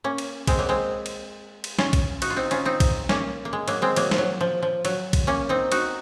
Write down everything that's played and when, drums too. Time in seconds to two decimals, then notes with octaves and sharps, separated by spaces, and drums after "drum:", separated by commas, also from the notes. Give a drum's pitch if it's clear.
0.04 A#3 C#4
0.18 drum: cymbal
0.47 G#3 C4, drum: kick A#1, cymbal
0.59 F#3 A#3
0.69 G#3 C4
1.06 drum: cymbal
1.64 drum: cymbal
1.79 C#4 F4, drum: snare
1.93 drum: kick A#1, cymbal
2.22 D#4 F#4, drum: cymbal
2.30 F4
2.36 C4 D#4
2.51 C#4 F4, drum: cymbal
2.65 C4 D#4
2.80 drum: kick A#1, cymbal
3.09 A#3 C#4, drum: snare
3.45 A#3
3.53 G#3
3.68 F#3 A#3, drum: cymbal
3.82 G#3 C4
3.96 F#3 A#3, drum: cymbal
4.11 F3, drum: snare
4.18 F#3
4.41 F3
4.63 F3
4.85 F#3, drum: cymbal
5.13 drum: kick A#1, cymbal
5.27 A#3 C#4
5.49 C4 D#4
5.72 D#4 F#4, drum: cymbal